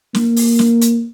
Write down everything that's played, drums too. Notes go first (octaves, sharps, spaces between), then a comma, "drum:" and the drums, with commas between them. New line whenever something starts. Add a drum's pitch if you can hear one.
A#3, drum: snare
drum: open hi-hat
drum: snare
drum: hi-hat